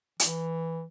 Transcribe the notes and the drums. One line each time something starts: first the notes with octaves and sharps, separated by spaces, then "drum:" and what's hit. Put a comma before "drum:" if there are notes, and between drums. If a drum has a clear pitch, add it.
E3, drum: hi-hat